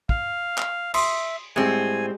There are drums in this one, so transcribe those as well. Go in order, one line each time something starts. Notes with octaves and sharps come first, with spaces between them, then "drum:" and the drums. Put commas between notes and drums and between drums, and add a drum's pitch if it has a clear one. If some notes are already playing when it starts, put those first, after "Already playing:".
F5, drum: kick
drum: clap
E5 C6 D#6, drum: cymbal
A2 G3 G#3 C4 G#5